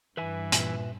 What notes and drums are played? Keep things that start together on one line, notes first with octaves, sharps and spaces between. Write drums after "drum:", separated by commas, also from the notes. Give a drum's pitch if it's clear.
G2 E3 B4 E5 G#5
A#2, drum: hi-hat